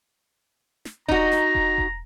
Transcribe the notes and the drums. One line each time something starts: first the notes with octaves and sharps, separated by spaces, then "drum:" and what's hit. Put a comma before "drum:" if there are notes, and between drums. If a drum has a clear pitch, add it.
drum: snare
D#4 F#4 A#5, drum: kick E1
drum: snare
drum: kick E1
drum: kick E1